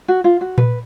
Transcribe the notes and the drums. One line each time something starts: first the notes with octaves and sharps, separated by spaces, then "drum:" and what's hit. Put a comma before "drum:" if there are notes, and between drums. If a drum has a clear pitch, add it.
F#4
F4
F#4
B4, drum: tom A#2